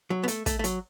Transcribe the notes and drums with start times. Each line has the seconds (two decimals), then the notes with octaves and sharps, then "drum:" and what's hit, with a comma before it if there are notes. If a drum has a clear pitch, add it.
0.10 F#3
0.23 B3
0.28 A3, drum: hi-hat
0.46 A3, drum: kick, hi-hat
0.59 A3
0.64 F#3, drum: hi-hat